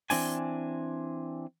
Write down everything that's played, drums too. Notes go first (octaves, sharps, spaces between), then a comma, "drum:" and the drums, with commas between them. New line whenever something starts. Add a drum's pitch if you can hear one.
E3 C4 D4 G#5, drum: open hi-hat